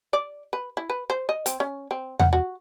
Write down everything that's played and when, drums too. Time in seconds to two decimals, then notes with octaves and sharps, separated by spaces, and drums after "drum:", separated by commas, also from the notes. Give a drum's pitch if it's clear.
0.13 D5
0.53 B4
0.77 E4
0.90 B4
1.10 C5
1.29 D#5
1.46 C4, drum: hi-hat
1.60 C#4
1.91 C4
2.19 F#5, drum: tom E2
2.33 F#4